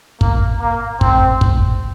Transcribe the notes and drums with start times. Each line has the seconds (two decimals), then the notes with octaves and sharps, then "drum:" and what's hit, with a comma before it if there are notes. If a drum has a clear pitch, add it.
0.21 A#3, drum: kick
0.61 A#3
1.01 C4, drum: kick
1.41 drum: kick